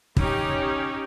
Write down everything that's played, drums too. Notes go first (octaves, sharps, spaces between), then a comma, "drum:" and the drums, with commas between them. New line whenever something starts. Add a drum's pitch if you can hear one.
C#4 D#4 G4, drum: kick